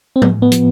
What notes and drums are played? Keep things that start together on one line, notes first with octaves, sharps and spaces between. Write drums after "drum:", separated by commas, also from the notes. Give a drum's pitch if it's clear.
C4
A2 B3, drum: tom F3
B3
F3, drum: hi-hat